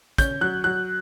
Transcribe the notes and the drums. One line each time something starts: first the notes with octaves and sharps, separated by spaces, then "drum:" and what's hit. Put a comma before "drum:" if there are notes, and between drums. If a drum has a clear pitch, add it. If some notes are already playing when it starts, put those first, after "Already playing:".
C#4 G6, drum: kick, hi-hat
F#3 F#6
F#3 F#6